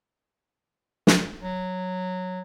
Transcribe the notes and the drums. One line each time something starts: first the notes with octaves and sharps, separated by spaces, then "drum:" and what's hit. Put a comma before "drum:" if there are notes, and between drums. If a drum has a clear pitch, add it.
drum: snare
F#3